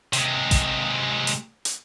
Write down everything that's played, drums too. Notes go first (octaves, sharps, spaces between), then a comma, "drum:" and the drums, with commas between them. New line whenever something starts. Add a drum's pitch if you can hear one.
C3 G#3, drum: hi-hat
drum: kick A1, hi-hat
drum: hi-hat
drum: hi-hat